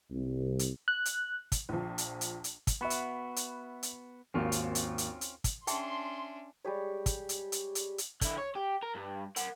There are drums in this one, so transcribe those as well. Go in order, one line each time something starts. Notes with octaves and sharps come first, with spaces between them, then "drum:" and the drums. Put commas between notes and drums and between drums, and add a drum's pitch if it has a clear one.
C2
drum: hi-hat
F#6
drum: hi-hat
drum: kick, hi-hat
A#1 F3
drum: hi-hat
drum: hi-hat
drum: hi-hat
drum: kick, hi-hat
B3 F#4 E5 B5
drum: hi-hat
drum: hi-hat
drum: hi-hat
G#1 D#2 C4 C#4 F4
drum: hi-hat
drum: hi-hat
drum: hi-hat
drum: hi-hat
drum: kick, hi-hat
C#4 D4 G#4 E5 G5 A5 C6, drum: hi-hat
G3 G#3 G4 C#5
drum: kick, hi-hat
drum: hi-hat
drum: hi-hat
drum: hi-hat
drum: hi-hat
D3 E4, drum: kick, hi-hat
C#5
G4
A#4
G2
A#4 F#5, drum: hi-hat